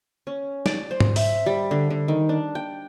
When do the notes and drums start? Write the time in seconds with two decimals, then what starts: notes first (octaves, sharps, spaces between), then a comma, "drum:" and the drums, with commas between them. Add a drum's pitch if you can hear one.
0.27 C#4
0.66 D5, drum: snare
0.91 C5
1.01 drum: tom G#2
1.16 E5, drum: open hi-hat
1.46 G3
1.71 D3
1.90 D3
2.08 D#3
2.29 D4
2.55 G5